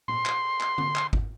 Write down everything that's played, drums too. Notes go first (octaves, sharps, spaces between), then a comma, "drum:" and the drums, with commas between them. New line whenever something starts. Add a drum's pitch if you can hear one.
C6, drum: tom A#2
drum: clap
drum: clap
drum: tom D3
drum: clap
drum: kick